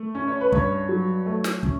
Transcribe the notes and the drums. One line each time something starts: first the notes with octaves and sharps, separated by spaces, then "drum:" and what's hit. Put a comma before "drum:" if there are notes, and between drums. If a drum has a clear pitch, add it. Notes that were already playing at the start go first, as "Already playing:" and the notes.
Already playing: A3
C#4
C#5
B4
G2 C#5, drum: kick
F#3
A3
drum: snare
C#4, drum: kick